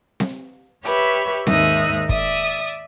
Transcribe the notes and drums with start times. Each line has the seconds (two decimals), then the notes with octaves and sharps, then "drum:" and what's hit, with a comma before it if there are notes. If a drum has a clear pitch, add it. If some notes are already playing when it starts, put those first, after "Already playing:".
0.20 drum: snare C4
0.85 G4 B4 C#5 E5 B5, drum: hi-hat
1.47 D#2 G#2 D#4 E5 D#6 F#6, drum: snare C4
2.09 D5 E5 D#6, drum: kick